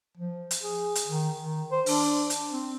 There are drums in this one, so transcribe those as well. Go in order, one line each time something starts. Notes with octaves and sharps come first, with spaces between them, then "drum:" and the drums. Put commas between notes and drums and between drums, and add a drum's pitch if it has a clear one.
F3
drum: hi-hat
G#4
drum: hi-hat
D#3
D#3
C5
D4, drum: open hi-hat
drum: hi-hat
C4